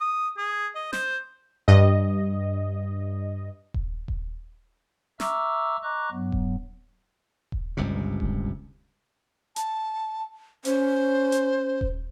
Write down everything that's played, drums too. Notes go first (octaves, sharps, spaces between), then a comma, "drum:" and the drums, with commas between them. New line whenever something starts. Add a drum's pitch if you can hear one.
D#6
G#4
D#5
C5, drum: snare
G2 D#5
drum: kick D#1
drum: kick D#1
E5 A#5 C#6 D6 E6 F6, drum: snare
D#5 A#5 C#6 D6 F#6
G2 F#3 B3
drum: kick D#1
drum: kick D#1
G1 C#2 G2 C3
drum: kick D#1
A5, drum: hi-hat
C#4 C5, drum: hi-hat
drum: hi-hat
drum: kick D#1